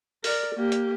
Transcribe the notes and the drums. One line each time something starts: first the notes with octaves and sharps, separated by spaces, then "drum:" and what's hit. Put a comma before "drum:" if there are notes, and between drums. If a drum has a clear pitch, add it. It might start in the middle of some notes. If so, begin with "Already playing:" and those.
A#4 D5, drum: open hi-hat
A#3 G4
drum: hi-hat